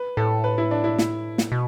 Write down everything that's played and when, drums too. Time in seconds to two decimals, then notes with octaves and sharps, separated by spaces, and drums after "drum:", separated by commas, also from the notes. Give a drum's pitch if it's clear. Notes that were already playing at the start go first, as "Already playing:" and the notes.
Already playing: B4
0.17 A2 A4
0.44 B4
0.58 E4
0.71 D4
0.84 E4
0.98 E4, drum: snare
1.38 drum: snare
1.52 B2